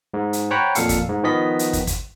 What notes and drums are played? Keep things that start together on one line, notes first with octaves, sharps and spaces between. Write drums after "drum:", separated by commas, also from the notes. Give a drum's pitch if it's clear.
G#2
drum: hi-hat
C5 C#5 F#5 G5 A#5 B5
F2 A#2 A4 F5 C#7, drum: hi-hat
drum: kick, hi-hat
G#2
D#3 F3 B3 D#5 B6
drum: hi-hat
drum: kick, hi-hat
drum: kick, hi-hat